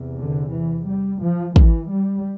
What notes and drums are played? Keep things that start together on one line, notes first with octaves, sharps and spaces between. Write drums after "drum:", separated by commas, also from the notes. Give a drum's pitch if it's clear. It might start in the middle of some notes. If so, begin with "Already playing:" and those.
Already playing: E2 C3
D3
E3
G3
F3
E3, drum: kick
G3